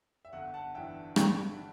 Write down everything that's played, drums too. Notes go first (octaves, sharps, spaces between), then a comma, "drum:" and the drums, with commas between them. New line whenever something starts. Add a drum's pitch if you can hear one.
E5
G1 F#5
F#5 A5
G2 E3 E5 G5
G1 G5 B5, drum: rim click